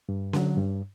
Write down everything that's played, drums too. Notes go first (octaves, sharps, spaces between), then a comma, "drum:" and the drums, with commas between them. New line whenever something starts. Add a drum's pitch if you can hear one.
G2
D3 F#3, drum: snare C#4
G2